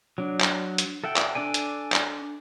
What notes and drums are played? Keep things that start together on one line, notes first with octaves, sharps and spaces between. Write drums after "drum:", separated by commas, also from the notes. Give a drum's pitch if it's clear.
F#3 D4
drum: clap
drum: hi-hat
A4 E5 F#5 G5
drum: clap
D4 A4 D5 G#5
drum: hi-hat
drum: clap